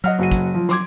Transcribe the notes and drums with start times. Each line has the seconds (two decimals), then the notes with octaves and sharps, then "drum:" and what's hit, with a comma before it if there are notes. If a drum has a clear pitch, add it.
0.04 F#3 D#5 F#5 F6
0.19 F#1 F#4 D#7
0.32 drum: kick, hi-hat
0.54 F3
0.69 C6 D6 G#6, drum: snare